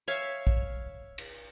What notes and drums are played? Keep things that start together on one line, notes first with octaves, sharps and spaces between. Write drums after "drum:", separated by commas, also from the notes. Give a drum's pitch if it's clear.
C#5 E5 F5 G#5
drum: kick
drum: cymbal